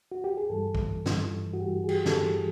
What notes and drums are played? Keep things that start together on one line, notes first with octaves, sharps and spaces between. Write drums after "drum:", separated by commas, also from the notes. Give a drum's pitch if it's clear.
F#4
G4
G#4
G2 E3 G3 A4
drum: kick
G2 E3 G3, drum: snare
F#4
G2 E3 G3 G4
G#4
G4, drum: cymbal
A4, drum: snare
G2 E3 G3 G#4